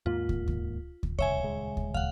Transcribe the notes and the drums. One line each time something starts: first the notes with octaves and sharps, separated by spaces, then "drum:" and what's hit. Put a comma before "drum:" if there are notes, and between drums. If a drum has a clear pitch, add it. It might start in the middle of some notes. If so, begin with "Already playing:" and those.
D#2 G#2 A#3 F4
drum: kick
drum: kick
drum: kick
F1 C2 C#5 E5 G#5, drum: kick
D#1 C#2 G#3
drum: kick
F5 F#5, drum: kick